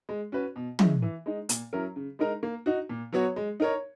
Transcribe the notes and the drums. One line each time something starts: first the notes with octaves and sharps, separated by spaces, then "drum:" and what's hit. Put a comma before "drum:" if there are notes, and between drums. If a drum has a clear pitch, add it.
G#3
C#4 F#4 B4
B2
G#3 C#4 E4, drum: tom
E3
G#3 D#4
A#2, drum: hi-hat
F#3 C#4 E4 A#4
C#3
G#3 D#4 A#4
A#3
D#4 F#4
A#2
F#3 B3 F#4 C#5
G#3
D#4 A#4 C#5